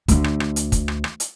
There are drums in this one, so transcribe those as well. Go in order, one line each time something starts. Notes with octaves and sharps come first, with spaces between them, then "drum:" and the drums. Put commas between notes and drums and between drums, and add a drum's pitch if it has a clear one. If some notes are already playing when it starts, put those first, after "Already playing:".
D2 D3, drum: kick, hi-hat
drum: rim click
drum: rim click
drum: hi-hat
drum: kick, hi-hat
drum: rim click
drum: rim click
drum: hi-hat